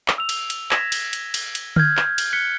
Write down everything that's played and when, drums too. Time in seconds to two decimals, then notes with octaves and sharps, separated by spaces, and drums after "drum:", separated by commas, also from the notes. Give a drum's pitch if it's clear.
0.08 drum: clap
0.18 E6 F7
0.29 drum: cymbal
0.50 drum: cymbal
0.71 G#6 A#6 B6 E7, drum: clap
0.92 drum: cymbal
1.13 drum: cymbal
1.34 drum: cymbal
1.55 drum: cymbal
1.76 F6 G6 G#6, drum: tom D3
1.97 drum: clap
2.18 drum: cymbal
2.33 F#6 B6 C#7 G7